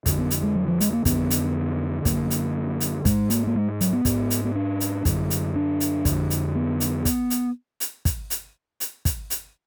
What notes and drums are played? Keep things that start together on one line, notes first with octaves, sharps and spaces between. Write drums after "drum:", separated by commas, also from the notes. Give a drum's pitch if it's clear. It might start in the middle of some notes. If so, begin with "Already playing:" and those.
F2 D3, drum: kick, hi-hat
B3
drum: hi-hat
G#3
F#3
F3
G#3, drum: hi-hat
A#3
F2 D3 B3, drum: kick, hi-hat
drum: hi-hat
F#2 D3 A#3, drum: kick, hi-hat
drum: hi-hat
drum: hi-hat
G#2 G#3, drum: kick, hi-hat
A#3, drum: hi-hat
A#3
G#3
F#3, drum: hi-hat
B3
G#2, drum: kick, hi-hat
drum: hi-hat
B3
D4
drum: hi-hat
F#2 D3, drum: kick, hi-hat
drum: hi-hat
D4
drum: hi-hat
F2 D3, drum: kick, hi-hat
drum: hi-hat
B3
drum: hi-hat
drum: kick, hi-hat
drum: hi-hat
drum: hi-hat
drum: kick, hi-hat
drum: hi-hat
drum: hi-hat
drum: kick, hi-hat
drum: hi-hat